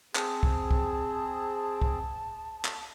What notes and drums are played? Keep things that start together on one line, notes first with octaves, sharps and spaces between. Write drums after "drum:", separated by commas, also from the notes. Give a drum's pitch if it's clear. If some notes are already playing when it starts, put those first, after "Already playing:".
C4 G#4 A5, drum: clap
drum: kick
drum: kick
drum: kick
drum: clap